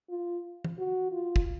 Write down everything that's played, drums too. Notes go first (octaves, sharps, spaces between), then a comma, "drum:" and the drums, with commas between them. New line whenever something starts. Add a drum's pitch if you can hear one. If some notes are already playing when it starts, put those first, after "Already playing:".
F4
drum: tom
F#4
F4
drum: kick